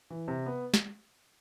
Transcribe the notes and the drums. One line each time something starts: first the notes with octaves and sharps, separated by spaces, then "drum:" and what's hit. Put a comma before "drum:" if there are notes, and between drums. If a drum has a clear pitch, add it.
E3
C3
B3
drum: snare